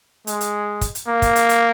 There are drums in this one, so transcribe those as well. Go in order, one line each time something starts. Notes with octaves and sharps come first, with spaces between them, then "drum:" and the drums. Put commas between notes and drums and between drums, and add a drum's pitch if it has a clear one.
G#3, drum: hi-hat
drum: hi-hat
drum: kick, hi-hat
drum: hi-hat
A#3
drum: kick, hi-hat
drum: hi-hat
drum: hi-hat